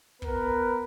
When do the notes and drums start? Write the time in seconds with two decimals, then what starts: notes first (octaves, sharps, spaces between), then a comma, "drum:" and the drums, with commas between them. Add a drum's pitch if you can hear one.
0.22 B3 A#4 B4, drum: kick